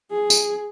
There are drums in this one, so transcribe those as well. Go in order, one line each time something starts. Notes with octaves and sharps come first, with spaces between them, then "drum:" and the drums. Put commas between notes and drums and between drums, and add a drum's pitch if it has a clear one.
G#4
drum: tambourine